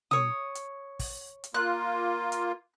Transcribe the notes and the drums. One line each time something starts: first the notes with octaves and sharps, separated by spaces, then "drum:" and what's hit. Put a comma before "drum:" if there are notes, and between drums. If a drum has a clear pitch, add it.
C#5 D#6, drum: tom
drum: hi-hat
drum: kick, open hi-hat
drum: hi-hat
A#3 F4 F#6
drum: hi-hat